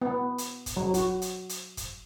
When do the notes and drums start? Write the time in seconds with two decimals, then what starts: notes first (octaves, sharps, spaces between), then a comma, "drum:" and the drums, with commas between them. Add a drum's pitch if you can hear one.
0.02 B3
0.38 drum: hi-hat
0.66 drum: kick, hi-hat
0.77 F#3
0.94 F#4, drum: kick, hi-hat
1.22 drum: hi-hat
1.49 drum: hi-hat
1.77 drum: kick, hi-hat